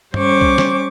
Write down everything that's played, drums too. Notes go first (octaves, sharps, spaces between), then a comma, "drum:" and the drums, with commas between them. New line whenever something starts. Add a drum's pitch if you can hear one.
G3 C#4 C5 C#6 D6, drum: tom G2
drum: kick C2
drum: snare